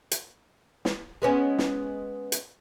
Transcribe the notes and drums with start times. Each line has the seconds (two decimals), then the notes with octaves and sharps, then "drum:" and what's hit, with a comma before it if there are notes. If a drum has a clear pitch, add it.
0.11 drum: hi-hat
0.85 drum: snare
1.22 G#3 B3 C#4
1.58 drum: snare
2.32 drum: hi-hat